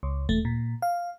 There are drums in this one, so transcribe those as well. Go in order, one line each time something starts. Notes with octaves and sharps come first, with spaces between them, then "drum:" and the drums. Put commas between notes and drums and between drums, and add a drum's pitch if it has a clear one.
C#2
A3, drum: kick D#2
A#2
F5